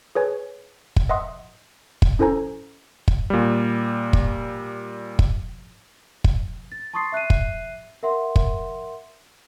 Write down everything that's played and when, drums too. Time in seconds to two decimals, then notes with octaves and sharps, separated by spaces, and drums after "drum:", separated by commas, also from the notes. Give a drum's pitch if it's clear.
0.15 G#4 B4 C#5 G#5
0.96 drum: kick
1.09 D#5 E5 F#5 C6 D#6
2.02 drum: kick
2.19 C#4 E4 A4 C5 G#5 A#5
3.08 drum: kick
3.30 A#2 G3
4.13 drum: kick
5.19 drum: kick
6.24 drum: kick
6.72 A6
6.93 A5 C6 C#6 D#6 A6 C7
7.12 E5 F#6 C7 D#7
7.30 drum: kick
8.03 A#4 E5 F#5 C6
8.36 drum: kick